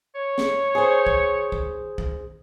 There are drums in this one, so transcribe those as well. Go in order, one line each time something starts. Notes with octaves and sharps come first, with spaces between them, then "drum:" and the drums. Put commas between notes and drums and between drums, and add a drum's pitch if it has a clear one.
C#5
drum: snare
G#4 C5
drum: kick
drum: kick
drum: kick